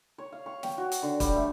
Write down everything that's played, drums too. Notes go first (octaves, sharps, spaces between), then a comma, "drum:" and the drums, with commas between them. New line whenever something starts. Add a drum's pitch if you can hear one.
C#5
F5
C#6
G5, drum: snare
F#4
drum: hi-hat
D3
G3, drum: kick, hi-hat
A3